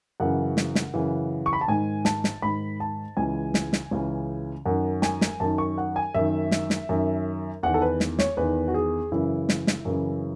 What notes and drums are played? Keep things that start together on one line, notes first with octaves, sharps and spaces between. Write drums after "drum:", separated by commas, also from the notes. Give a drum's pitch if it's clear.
F#2 C#3 E3 F#5
drum: snare
drum: snare
F#2 C#3 E3
C#6
B5
A5
G#2 D#3 G#5
A5, drum: snare
drum: snare
G#2 D#3 B5
A5
C#2 C#3 E3 G#5
drum: snare
drum: snare
C#2 C#3 E3
F#2 D#3 F#5
G#5, drum: snare
drum: snare
F#2 D#3 A5
C#6
F#5
G#5
F#2 D#3 E5
drum: snare
drum: snare
F#2 D#3
E2 D#3 F#5
A4
B4
drum: snare
C#5, drum: snare
E2 D#3 B4
F#4
G#4
F#2 C#3 E3 E4
drum: snare
drum: snare
F#2 C#3 E3